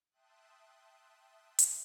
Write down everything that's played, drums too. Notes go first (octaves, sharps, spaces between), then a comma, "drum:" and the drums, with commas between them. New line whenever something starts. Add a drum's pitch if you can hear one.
E5 G5 A5 C6 D#6 F#6
drum: hi-hat